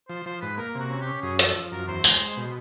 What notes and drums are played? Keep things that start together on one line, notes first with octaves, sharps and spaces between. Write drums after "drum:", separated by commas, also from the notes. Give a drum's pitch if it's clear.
F3 C5
F3 C5
G#2 B4
A#3 A#4
C3
F#4
C#4
G4
C#4
F#2 G#4
F3 A4, drum: hi-hat
F3
F#2 A#4
E2 C5
G#3, drum: tambourine
G#3
B2